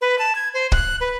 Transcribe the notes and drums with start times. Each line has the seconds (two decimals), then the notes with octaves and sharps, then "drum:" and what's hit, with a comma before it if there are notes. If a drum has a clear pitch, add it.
0.01 B4
0.19 A5
0.35 G#6
0.54 C5
0.72 F#6, drum: kick
1.01 B4